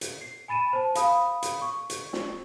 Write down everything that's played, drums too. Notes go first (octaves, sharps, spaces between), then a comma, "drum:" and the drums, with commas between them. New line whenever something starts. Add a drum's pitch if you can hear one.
drum: hi-hat
C7
G#5 B5 A6 D#7 E7
C5 A5
F5 B5 D#6, drum: hi-hat
drum: hi-hat
C#6
drum: hi-hat
drum: snare